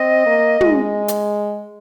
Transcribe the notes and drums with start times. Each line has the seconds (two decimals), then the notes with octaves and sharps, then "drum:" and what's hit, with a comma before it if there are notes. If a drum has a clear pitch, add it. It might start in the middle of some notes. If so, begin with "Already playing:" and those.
Already playing: C4 D#5
0.26 A#3
0.61 G#3, drum: tom
1.08 drum: hi-hat